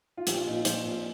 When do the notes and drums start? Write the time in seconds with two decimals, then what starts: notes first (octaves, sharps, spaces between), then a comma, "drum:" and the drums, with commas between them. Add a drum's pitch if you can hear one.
0.17 F4
0.27 A#1 G4, drum: hi-hat
0.37 F4
0.46 A#2 F3 D#4
0.56 F4
0.65 A#1 C5, drum: hi-hat
0.85 A#2 F3